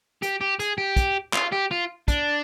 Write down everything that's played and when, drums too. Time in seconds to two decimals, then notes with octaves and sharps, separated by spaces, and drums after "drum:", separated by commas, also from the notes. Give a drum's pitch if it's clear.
0.23 G4, drum: hi-hat
0.41 G4
0.60 G#4, drum: hi-hat
0.78 G4
0.97 drum: kick, hi-hat
1.33 F4, drum: clap
1.52 G4
1.71 F4
2.08 D4, drum: kick, hi-hat